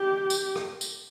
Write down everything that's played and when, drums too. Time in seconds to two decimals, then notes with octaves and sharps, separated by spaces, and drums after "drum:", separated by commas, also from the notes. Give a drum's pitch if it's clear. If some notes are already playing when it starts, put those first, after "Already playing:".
Already playing: G4
0.30 drum: tambourine
0.56 drum: rim click
0.81 drum: tambourine